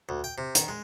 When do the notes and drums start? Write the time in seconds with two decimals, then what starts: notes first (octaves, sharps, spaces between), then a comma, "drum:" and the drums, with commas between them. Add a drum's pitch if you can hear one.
0.09 D2
0.24 G5
0.38 C3
0.55 D#3, drum: hi-hat
0.68 G#3